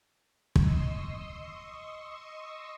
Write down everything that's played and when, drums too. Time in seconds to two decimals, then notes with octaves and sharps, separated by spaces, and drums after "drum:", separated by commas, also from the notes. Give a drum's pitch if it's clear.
0.56 D#5 C6 C#6 D#6 E6, drum: kick